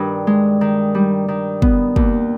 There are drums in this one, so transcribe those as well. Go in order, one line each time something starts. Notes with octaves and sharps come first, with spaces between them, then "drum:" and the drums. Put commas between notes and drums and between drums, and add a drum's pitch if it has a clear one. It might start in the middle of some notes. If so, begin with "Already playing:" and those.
Already playing: G2 D#3
G#3
D#3
G3
D#3
B3, drum: kick
D#2, drum: kick